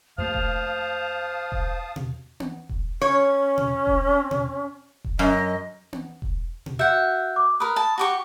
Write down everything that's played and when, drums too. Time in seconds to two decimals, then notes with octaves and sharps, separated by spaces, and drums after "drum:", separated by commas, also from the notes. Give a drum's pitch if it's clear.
0.18 F2 A3 A#3 C5 F5 A5 D#6 F6
0.34 drum: kick E1
1.52 drum: kick E1
1.96 drum: tom B2
2.40 drum: tom B3
2.69 drum: kick E1
3.01 C#4 C#5
3.58 drum: tom B2
3.87 drum: kick E1
4.31 drum: tom B2
5.04 drum: kick E1
5.19 F#2 D#5
5.93 drum: tom B3
6.22 drum: kick E1
6.66 drum: tom B2
6.79 F#4 E5 F#5 G6
7.36 D6
7.60 A#4 B4 B5 D#6
7.76 A5
7.98 F#4 G4 C#6